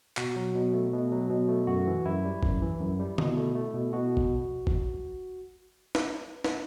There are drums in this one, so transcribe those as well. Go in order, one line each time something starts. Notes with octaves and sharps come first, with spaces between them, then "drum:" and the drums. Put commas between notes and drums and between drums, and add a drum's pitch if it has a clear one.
B2 F#4, drum: clap
F#3
B2
A3
B2
F#3
B2
A3
F#2 F#4
E3
F#2 E4
G3
F#2, drum: kick
E3
F#2
G3
B2, drum: tom D3
A3
A3
B2
B2 F#4
drum: kick
drum: kick
drum: snare
drum: snare